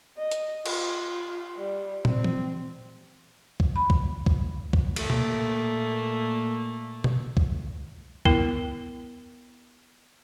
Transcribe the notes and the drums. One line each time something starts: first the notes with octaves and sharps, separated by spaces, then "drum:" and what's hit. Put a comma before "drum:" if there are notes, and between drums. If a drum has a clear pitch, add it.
D#5
drum: hi-hat
F4, drum: cymbal
G3
C4, drum: tom
drum: tom E3
drum: kick C2
B5
drum: kick C2
drum: kick C2
drum: kick C2
A#2 A3 A#3, drum: cymbal
drum: tom
drum: tom
drum: kick C2
B3 E4 A#4, drum: kick C2